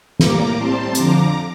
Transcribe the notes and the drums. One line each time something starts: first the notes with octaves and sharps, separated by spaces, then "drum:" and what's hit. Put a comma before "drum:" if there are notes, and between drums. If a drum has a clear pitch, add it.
A2 G3 A#3 A#5 D6, drum: snare
A2 G3 C4 A5 C6
F2 D3 F3 A#5 D6, drum: hi-hat